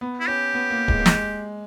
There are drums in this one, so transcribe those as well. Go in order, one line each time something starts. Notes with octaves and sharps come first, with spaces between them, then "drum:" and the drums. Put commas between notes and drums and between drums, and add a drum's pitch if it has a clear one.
B3
E4
C#4 G4
B3
A#3
G#3, drum: kick D1
A#3
G#3, drum: snare